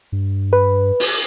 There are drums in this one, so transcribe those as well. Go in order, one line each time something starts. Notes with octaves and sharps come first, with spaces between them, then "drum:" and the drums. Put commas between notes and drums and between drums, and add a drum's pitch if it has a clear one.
G2
B4
drum: open hi-hat